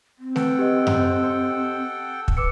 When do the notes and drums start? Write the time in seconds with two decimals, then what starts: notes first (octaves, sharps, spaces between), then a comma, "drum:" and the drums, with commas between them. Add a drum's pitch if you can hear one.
0.19 C4
0.36 A4 B4 F#5 G5, drum: snare A3
0.59 G4 D#5
0.87 drum: tom F#2
2.28 drum: kick
2.37 B4 D6 E6 C#7